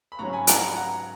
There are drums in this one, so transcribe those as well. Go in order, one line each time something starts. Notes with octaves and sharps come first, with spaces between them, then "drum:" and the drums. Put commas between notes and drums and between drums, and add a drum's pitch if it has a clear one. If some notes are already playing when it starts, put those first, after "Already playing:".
B5
G#2 F#3 C#4 A#5 C#6
G#5 B5
F#5 A#5, drum: hi-hat
F#5 A#5